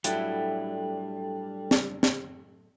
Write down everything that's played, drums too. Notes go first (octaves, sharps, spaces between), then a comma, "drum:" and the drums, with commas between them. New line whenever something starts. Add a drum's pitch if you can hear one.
A2 F#3 G3 D4 E4 A4 G5, drum: hi-hat
drum: snare
drum: snare